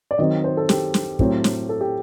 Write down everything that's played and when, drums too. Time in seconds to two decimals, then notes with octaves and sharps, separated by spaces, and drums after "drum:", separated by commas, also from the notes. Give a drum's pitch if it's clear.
0.11 D5
0.18 D#3 F#3 C4 D#5
0.44 C5
0.57 A4
0.69 G4, drum: snare
0.94 drum: snare
1.19 A2 F#3 A3 C4, drum: kick
1.44 drum: snare
1.69 A4
1.81 G4